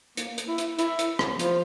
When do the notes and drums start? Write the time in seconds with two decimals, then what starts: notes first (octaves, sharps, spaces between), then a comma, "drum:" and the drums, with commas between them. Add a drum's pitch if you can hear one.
0.17 A#3, drum: hi-hat
0.38 drum: hi-hat
0.48 E4
0.58 drum: hi-hat
0.79 E4, drum: hi-hat
0.99 drum: hi-hat
1.19 drum: rim click
1.39 F3, drum: hi-hat